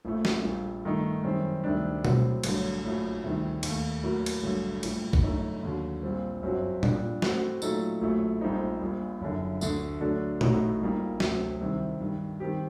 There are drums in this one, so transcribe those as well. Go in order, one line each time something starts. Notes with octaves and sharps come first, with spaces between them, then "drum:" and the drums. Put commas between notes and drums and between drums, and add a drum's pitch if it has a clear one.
A#1 A2 A3
drum: snare
A#1 A#2 G3
G2 D#3 A3 D#4
F#2 D#3 G3 C4
D2 C3 D#3 G3 D4
A2 F#3 C4, drum: tom B2
A1 G2 D3 F#3, drum: cymbal
A#1 A2 F#3
D2 C3 D#3 G3
D#2 D#3 A3, drum: cymbal
A2 F#3 A#3 F#4 A#4
drum: cymbal
A1 G2 D3 F#3 A3
A#1 A2 G3, drum: cymbal
drum: kick
G1 F#2 D3 A3 D#4
D#2 D3 F#3
A#1 A#2 G3 C4
G1 F#2 F#3 C4 F#4
A#2 G3 D4, drum: tom A#2
A2 A3 C4 F#4, drum: snare
A#2 F#3 A3 D#4 A4, drum: tambourine
A#1 A2 F#3 A3
A#1 A2 G3 C4 D#4
A#1 A#2 G3
F#1 F#2 D3
D2 D3 A3, drum: tambourine
D3 F#3 A3 D4 A4
A1 A2 A3 D#4 F#4, drum: tom A#2
A#1 A#2 G3 A#3 D#4
D2 C3 F#3, drum: snare
C2 C3 D#3 G3 C4
G2 D#3 G3
D#3 G3 C4 G4